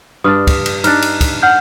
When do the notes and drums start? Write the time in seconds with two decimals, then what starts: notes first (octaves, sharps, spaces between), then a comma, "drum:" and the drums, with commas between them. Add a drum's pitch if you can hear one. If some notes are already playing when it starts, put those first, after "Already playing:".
0.24 G2 D4 D#6 F6
0.47 drum: kick, cymbal
0.66 drum: cymbal
0.84 D4 D#4 F6 F#6, drum: cymbal
1.02 drum: cymbal
1.21 drum: kick, cymbal
1.42 F#5 F6 G6